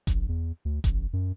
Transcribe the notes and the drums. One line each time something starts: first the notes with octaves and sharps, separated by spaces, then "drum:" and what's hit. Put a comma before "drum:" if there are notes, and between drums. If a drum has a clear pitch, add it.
A#1, drum: kick F1, hi-hat
E2
D2
A1, drum: kick F1, hi-hat
F#2